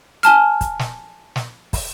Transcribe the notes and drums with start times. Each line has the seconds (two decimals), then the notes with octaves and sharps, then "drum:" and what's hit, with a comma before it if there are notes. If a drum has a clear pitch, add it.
0.23 G#5 A5 F6, drum: hi-hat
0.61 drum: kick, hi-hat
0.79 drum: snare
1.36 drum: snare
1.73 drum: kick, open hi-hat